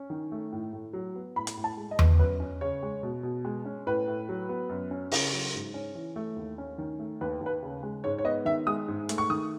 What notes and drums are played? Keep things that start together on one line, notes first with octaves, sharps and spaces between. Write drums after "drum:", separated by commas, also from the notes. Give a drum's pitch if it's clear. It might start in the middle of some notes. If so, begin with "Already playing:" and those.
Already playing: C#4
D#3
A3
A2
A2
F#3
B3
A2 B5
drum: hi-hat
A2
A5
G#3
D#5
B3, drum: tom E2
F#2 B4
C#4
C#3 C#5
G#3
B2
B2
G#3
C#4
A2 B4
A2
F#3
B3
F#2
C#4
C#3, drum: open hi-hat
F#3
G#2
C#4
E3
A3
D#2
C#4
D#3
A3
D#2 B4
D#2
B4
C#3
G#3
G#2 C#5
C#5
B3 D#5
D#3 E5
G#3 D#6
G#2
A3, drum: hi-hat
C#6
D#3 D#6